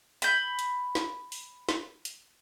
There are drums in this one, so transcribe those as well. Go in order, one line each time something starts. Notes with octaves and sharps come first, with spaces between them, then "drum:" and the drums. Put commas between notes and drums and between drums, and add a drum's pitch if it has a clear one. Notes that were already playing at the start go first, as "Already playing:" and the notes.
B5 G6, drum: hi-hat
drum: hi-hat
drum: snare
drum: open hi-hat
drum: snare
drum: hi-hat